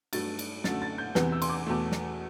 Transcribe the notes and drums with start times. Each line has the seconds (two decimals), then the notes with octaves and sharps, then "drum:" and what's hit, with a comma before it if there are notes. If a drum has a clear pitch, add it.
0.13 G2 F#3 A3 A6, drum: cymbal
0.39 drum: cymbal
0.64 F#2 D3 F#3 A3 A6, drum: snare
0.82 A6
0.98 G6
1.15 E2 C3 E3, drum: snare
1.32 E6
1.42 C6, drum: cymbal
1.49 D6
1.66 E2 B2 A3
1.92 drum: snare